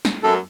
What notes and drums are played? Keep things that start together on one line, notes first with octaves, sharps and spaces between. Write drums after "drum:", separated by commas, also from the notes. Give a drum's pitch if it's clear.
drum: snare
F#2 A4